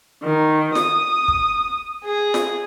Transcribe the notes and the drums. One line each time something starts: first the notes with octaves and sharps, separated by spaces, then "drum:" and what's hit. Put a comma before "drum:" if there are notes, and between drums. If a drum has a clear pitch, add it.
D#3
D#6, drum: snare F4
drum: kick
G#4
drum: snare F4